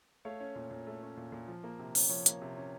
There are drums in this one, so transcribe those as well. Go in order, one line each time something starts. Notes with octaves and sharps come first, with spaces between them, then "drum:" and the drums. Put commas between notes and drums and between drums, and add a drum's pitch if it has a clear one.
A3 C#5 F5
C#4
A#2
A#2
A3
C#4
A#2
A#2
F3
A#3
C3
C#4, drum: open hi-hat
F3 C#5
A#3, drum: hi-hat
C3
C#4